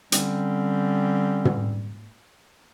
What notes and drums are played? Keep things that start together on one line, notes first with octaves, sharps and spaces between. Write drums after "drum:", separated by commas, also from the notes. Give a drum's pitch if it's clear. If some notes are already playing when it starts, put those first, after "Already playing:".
D3 G3 C4 C#4, drum: hi-hat
drum: tom